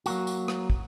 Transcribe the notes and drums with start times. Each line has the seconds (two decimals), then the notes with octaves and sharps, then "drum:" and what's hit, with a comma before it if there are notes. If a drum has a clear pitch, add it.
0.06 F#3 A#3 F#4, drum: tambourine
0.27 drum: tambourine
0.48 drum: rim click
0.70 drum: kick